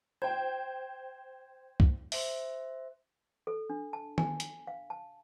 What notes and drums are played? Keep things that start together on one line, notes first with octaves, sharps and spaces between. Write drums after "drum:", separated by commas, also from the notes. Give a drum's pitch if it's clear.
C5 G5 G#6
drum: kick
C5 E5, drum: open hi-hat
A4
D4
A5
G#5, drum: tom D#3
drum: hi-hat
F5
A5